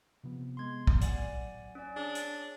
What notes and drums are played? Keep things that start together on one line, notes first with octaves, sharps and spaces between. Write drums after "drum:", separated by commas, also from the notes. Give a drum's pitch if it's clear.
C3 F3 B3
C3 G#3 B3 C6 G#6
drum: kick
F#3 D5 F#5 G#5, drum: hi-hat
C#4 D5
D4 G#4 C#5
drum: hi-hat